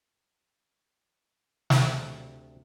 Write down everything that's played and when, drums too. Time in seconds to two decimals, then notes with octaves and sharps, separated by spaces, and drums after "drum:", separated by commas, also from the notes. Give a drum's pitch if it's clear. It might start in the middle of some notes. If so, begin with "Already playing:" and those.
1.70 D2 C3 D5, drum: snare